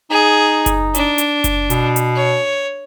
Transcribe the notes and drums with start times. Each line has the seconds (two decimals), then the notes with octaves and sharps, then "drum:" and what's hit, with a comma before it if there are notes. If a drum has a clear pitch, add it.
0.11 D#4 G#4
0.66 drum: kick F#1, hi-hat
0.95 D4, drum: hi-hat
1.18 drum: hi-hat
1.44 drum: kick F#1, hi-hat
1.70 B2, drum: hi-hat
1.96 drum: hi-hat
2.15 C#5